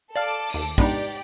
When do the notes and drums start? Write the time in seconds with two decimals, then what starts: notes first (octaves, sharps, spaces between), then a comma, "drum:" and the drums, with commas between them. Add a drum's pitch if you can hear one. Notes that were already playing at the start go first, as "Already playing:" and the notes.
0.16 A4 D5 F5 D6 F6
0.50 D#2 D#7, drum: open hi-hat
0.78 G#3 B3 D4 D#4 G4 B4 D5, drum: kick